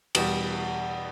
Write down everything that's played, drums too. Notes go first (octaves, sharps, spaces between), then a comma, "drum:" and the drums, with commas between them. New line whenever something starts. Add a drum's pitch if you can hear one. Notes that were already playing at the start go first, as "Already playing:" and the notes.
E2 B2 G3, drum: cymbal